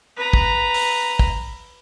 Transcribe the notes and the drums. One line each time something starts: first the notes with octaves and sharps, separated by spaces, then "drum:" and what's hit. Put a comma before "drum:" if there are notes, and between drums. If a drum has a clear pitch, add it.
B4 A#5
drum: kick
drum: open hi-hat
drum: kick